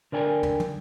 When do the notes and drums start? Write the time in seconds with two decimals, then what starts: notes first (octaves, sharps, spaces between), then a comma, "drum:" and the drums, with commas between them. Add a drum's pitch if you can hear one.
0.12 D3 A#4 D5 G5 G#5
0.43 drum: tom
0.60 drum: tom